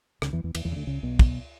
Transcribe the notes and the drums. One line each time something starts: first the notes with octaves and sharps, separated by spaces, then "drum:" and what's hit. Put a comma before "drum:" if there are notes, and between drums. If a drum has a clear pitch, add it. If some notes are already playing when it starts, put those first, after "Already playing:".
C#2 C#3, drum: rim click
E2 E3
E2 E3
E2 E3, drum: cymbal
E2 E3
C#3
D2 D3
C#2 C#3
B1 B2
drum: kick, cymbal